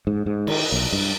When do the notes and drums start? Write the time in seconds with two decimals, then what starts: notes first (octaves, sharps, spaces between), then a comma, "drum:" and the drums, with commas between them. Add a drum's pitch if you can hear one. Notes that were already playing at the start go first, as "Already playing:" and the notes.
0.07 G#2
0.26 G#2
0.47 D#3, drum: cymbal
0.72 B1
0.92 G2